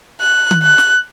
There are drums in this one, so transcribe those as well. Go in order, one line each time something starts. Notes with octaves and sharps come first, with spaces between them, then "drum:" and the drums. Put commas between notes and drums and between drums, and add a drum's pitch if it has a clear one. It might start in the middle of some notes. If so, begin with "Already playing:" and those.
F#6
drum: tom D#3
F#6
drum: snare